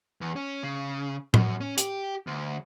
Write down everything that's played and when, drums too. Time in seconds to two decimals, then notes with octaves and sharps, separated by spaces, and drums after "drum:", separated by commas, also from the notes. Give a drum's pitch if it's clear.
0.21 E2
0.36 C#4
0.63 C#3
1.34 F#2, drum: tom A2
1.61 C#4
1.77 G4, drum: hi-hat
2.27 D2